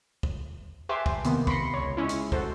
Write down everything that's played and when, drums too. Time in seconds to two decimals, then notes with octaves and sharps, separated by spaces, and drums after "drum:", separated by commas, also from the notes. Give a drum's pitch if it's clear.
0.23 drum: kick
0.89 G4 B4 E5 G#5 A5 C6
1.06 drum: kick
1.24 C3 D#3 A#3 B3, drum: hi-hat
1.47 B5 C6 A#6 C7 C#7, drum: kick
1.74 C#2 C#5
1.97 G#3 C#4 E4
2.09 drum: hi-hat
2.32 F#4 A4 C5, drum: kick